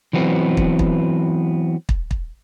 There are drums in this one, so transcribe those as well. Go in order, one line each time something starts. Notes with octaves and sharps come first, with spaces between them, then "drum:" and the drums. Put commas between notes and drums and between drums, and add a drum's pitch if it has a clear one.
E3 F#3 B3 C4
drum: kick
drum: kick
drum: kick
drum: kick